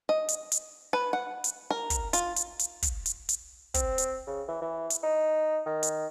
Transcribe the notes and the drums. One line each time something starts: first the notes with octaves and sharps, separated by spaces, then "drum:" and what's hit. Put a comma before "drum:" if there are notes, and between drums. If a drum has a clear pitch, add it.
D#5
drum: hi-hat
drum: hi-hat
B4
F#5
drum: hi-hat
A#4
drum: kick, hi-hat
F4, drum: hi-hat
drum: hi-hat
drum: hi-hat
drum: kick, hi-hat
drum: hi-hat
drum: hi-hat
C4, drum: kick, hi-hat
drum: hi-hat
C#3
E3
E3
drum: hi-hat
D#4
D#3
drum: hi-hat